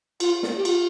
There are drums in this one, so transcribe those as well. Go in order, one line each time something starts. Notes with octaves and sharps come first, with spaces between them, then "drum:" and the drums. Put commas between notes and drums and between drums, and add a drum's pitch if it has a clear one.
F4, drum: cymbal
drum: snare
G4
F4, drum: cymbal